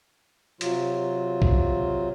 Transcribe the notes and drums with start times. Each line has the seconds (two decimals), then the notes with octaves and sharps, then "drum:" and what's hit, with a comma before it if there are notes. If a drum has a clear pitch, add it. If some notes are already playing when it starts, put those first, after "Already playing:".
0.61 C3 F#3 F4, drum: hi-hat
1.42 drum: kick B1